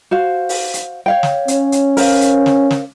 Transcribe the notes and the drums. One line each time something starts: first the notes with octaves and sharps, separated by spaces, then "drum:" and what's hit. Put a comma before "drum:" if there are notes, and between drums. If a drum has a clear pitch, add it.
F#4 C5 F5
drum: open hi-hat
drum: hi-hat
C#5 F5 G5
drum: snare
C#4, drum: hi-hat
drum: hi-hat
A#4 C5 F5, drum: open hi-hat
drum: hi-hat
drum: snare
drum: snare